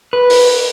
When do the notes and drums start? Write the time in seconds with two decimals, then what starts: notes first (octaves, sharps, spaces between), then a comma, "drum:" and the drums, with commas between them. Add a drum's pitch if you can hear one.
0.13 B4
0.30 drum: open hi-hat